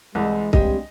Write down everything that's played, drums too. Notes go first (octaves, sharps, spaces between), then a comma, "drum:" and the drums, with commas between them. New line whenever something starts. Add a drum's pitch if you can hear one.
C2 E3 G#3
G2 G3 G#3 C4 G4 D#5, drum: kick C2